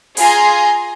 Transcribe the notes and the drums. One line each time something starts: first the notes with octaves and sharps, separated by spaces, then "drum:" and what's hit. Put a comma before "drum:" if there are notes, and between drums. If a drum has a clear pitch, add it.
F4 G#4 G#5 A#5 C6, drum: open hi-hat